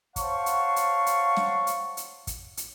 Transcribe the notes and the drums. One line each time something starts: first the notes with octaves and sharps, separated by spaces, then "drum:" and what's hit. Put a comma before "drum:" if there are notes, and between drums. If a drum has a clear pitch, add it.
C5 C#5 F5 F#5 A5 C#6, drum: kick, hi-hat
drum: hi-hat
drum: hi-hat
drum: hi-hat
drum: snare
drum: hi-hat
drum: hi-hat
drum: kick, hi-hat
drum: hi-hat